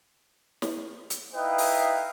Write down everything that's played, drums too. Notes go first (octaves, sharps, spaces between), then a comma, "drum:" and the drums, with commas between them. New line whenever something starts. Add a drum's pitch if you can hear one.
drum: snare
drum: hi-hat
D#4 E4 B4 D#5 F5 G5
drum: open hi-hat